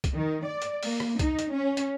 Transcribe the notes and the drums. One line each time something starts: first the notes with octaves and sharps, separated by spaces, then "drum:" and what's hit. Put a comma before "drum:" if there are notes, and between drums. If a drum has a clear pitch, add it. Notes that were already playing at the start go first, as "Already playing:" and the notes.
drum: kick, hi-hat
D#3
D5
drum: hi-hat
A#3, drum: open hi-hat
drum: rim click
D#4, drum: kick, hi-hat
drum: hi-hat
C#4
drum: hi-hat